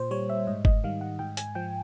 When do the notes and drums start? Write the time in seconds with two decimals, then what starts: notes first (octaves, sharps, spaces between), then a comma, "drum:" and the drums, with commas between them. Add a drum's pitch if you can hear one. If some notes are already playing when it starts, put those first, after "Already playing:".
Already playing: A#2 C5
0.11 G3 C#5
0.30 E5
0.47 G#2 D#5
0.65 D#5, drum: kick G1
0.84 D#3 G3 F5
1.01 F#5
1.19 G#2 G5
1.37 G#5, drum: hi-hat
1.55 F3 G5